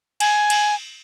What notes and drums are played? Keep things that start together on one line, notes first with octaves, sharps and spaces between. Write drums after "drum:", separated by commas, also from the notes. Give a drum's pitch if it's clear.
G#5, drum: cymbal
drum: cymbal